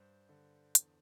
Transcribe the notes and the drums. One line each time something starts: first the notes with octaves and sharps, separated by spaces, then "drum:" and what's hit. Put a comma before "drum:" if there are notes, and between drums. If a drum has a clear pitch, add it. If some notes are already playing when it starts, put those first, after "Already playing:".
Already playing: G2 C5
D3
E2, drum: hi-hat